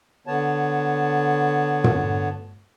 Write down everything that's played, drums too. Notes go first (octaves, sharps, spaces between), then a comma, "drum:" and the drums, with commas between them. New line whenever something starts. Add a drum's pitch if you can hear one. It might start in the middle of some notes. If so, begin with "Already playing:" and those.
D3 B3 C#5 A5
drum: tom